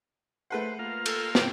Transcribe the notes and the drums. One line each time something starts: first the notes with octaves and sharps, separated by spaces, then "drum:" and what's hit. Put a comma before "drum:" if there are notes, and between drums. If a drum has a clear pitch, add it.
A3 B4 C5 F#5
A#3 F4 F5
A4, drum: cymbal
G5, drum: snare